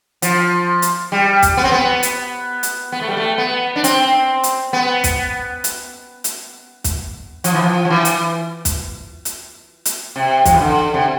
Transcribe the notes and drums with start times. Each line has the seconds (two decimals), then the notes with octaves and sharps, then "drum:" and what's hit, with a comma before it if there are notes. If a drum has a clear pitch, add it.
0.22 F3, drum: hi-hat
0.82 drum: hi-hat
1.12 G3
1.42 drum: kick, hi-hat
1.57 B3
1.64 C4
1.72 B3
2.03 drum: hi-hat
2.63 drum: hi-hat
2.92 B3
3.01 A3
3.08 G3
3.17 A3
3.38 B3
3.76 D4
3.84 C4, drum: hi-hat
4.43 drum: hi-hat
4.73 B3
5.04 drum: kick, hi-hat
5.64 drum: hi-hat
6.24 drum: hi-hat
6.84 drum: kick, hi-hat
7.44 F3, drum: hi-hat
7.54 E3
7.62 F3
7.85 F3
7.90 E3
8.05 drum: hi-hat
8.65 drum: kick, hi-hat
9.25 drum: hi-hat
9.85 drum: hi-hat
10.16 C3
10.45 F3, drum: kick, hi-hat
10.54 E3
10.60 D3
10.94 C3